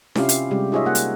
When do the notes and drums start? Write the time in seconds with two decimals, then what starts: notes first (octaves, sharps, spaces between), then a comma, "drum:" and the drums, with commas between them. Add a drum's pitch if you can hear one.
0.15 C3 C#4 E4 F4 G4 F5, drum: snare D4
0.29 drum: hi-hat
0.51 C3 G3 G#3 G4
0.72 D#4 F4 G#4 C#5 D#5 E5
0.85 A#3 F#5
0.95 drum: hi-hat